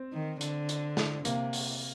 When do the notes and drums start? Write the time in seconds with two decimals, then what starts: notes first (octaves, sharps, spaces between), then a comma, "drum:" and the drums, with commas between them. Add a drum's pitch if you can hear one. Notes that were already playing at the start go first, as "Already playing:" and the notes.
Already playing: C4
0.13 D#3
0.41 D3, drum: hi-hat
0.69 drum: hi-hat
0.97 drum: snare
1.25 C3 A#3, drum: hi-hat
1.53 drum: open hi-hat